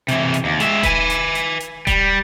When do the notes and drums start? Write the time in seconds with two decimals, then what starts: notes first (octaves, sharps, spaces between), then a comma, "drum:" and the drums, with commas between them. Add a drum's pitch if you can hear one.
0.08 C3 E3, drum: hi-hat
0.34 drum: hi-hat
0.45 D#2
0.60 G#3 E5, drum: hi-hat
0.83 B4 G#5, drum: kick D#1, hi-hat
1.10 drum: hi-hat
1.35 drum: hi-hat
1.60 drum: hi-hat
1.87 G3, drum: kick D#1, hi-hat